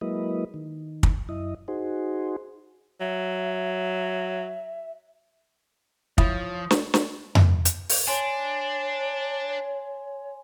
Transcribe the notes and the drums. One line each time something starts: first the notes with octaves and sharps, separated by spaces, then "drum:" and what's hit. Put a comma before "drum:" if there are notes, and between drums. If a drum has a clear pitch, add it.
F#3 G#3 A#3 E4 B4 D#5
D#3
drum: kick
F#2 E4 D#5
D#4 F#4 G#4 C5
F#3 E5
F3 E4 C#5 D#6, drum: kick
drum: snare
drum: snare
drum: tom F2
drum: hi-hat
drum: open hi-hat
D4 C#5 G#5 C6